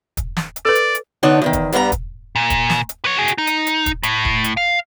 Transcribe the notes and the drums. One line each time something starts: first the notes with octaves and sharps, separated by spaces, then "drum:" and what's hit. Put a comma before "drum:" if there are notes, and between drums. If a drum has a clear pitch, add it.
drum: kick, hi-hat
drum: snare
drum: hi-hat
A4 B4 D5
drum: hi-hat
drum: hi-hat
D3 B3 D4 D#4 C#5
E2 A2 D#3
drum: kick, hi-hat
G2 G3 B3 B4 A#5, drum: hi-hat
drum: kick, hi-hat
A#2
drum: kick, hi-hat
drum: snare
drum: hi-hat
B4 C#5
F#4 G#4
drum: hi-hat
D#4
drum: hi-hat
drum: hi-hat
drum: kick, hi-hat
A2, drum: hi-hat
drum: kick
drum: hi-hat
F5